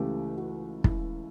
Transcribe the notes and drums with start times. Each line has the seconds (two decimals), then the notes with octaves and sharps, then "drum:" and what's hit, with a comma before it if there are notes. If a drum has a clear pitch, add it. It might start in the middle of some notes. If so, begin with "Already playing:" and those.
Already playing: C#2 C#3 E3 A3 G4
0.37 F#4
0.84 E4, drum: kick